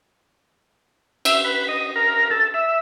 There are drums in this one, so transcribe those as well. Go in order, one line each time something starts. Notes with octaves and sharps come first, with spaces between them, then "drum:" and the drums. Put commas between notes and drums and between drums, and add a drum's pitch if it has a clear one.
E5, drum: cymbal
B4
D#5
A#4
A4
E5